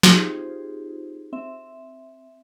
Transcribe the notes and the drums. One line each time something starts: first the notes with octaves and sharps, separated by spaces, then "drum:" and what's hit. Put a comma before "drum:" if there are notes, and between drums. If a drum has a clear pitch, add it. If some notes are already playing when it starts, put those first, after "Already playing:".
C4 D#4 F4 G4 G#4 C5, drum: snare
C4 E5